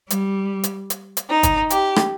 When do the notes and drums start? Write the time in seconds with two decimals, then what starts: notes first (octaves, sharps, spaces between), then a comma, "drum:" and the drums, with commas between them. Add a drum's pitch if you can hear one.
0.10 G3, drum: hi-hat
0.63 drum: hi-hat
0.90 drum: hi-hat
1.17 drum: hi-hat
1.30 D#4
1.43 drum: kick, hi-hat
1.70 G4, drum: hi-hat
1.96 drum: rim click